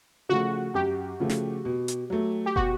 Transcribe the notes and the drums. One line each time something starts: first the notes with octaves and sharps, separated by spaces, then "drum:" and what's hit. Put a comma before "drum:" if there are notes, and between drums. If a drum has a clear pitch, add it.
C#3 F3 A3 F#4
F#2 G4
C#3 F3 A3
drum: snare
B2
drum: hi-hat
F#3 A3
G4
B2 F#4, drum: kick